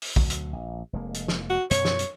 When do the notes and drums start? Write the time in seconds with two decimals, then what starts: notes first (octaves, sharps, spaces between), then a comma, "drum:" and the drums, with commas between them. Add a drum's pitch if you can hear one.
0.02 drum: open hi-hat
0.16 D2 B2 F#3, drum: kick
0.30 drum: hi-hat
0.53 A#1
0.93 F1 G#3 A#3
1.14 drum: hi-hat
1.28 drum: snare
1.50 F#4
1.71 F#2 B2 C#5, drum: hi-hat
1.85 drum: snare
1.99 drum: hi-hat